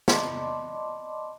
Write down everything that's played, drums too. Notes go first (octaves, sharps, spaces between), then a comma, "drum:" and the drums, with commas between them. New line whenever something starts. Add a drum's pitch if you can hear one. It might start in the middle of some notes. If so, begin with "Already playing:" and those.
D5 D#5 A5 B5 C6 D6, drum: snare